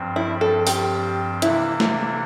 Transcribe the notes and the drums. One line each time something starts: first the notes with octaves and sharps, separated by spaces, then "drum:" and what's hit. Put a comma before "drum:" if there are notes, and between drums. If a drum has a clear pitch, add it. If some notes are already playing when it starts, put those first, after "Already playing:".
Already playing: G2 F3 C4
E4
A4
G4, drum: open hi-hat
C3 E3 A#3 D4 E4 A4, drum: hi-hat
drum: snare